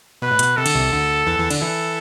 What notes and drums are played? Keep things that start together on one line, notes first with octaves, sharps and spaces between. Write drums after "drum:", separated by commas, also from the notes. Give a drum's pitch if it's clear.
B2 B4
A2
B2, drum: hi-hat
C3 A4
D3, drum: cymbal
C2 C3
D2 D3
E2 E3
E2 E3
D3 D4, drum: cymbal
E3 E4 A4